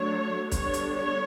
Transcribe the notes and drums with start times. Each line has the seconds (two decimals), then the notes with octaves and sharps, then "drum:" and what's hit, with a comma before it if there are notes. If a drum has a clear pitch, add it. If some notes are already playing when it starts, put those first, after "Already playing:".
Already playing: F#3 A3 D4 C#5
0.51 D3 G3 B3 D4 C#5, drum: kick, hi-hat
0.74 drum: hi-hat
0.96 C#5